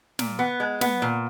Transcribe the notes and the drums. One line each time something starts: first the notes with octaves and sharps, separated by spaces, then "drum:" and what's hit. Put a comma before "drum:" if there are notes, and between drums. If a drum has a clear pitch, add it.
A#2, drum: snare
B3
G#3
B3, drum: snare
A#2